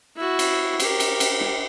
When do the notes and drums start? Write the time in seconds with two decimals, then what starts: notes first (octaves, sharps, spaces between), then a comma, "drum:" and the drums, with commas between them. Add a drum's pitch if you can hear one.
0.17 E4 F#4
0.39 drum: cymbal
0.80 G4 A#4, drum: cymbal
1.00 drum: cymbal
1.20 drum: cymbal
1.41 drum: snare